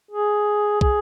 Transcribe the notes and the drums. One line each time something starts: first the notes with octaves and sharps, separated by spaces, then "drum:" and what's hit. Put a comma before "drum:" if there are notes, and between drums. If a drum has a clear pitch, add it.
G#4
G#4, drum: kick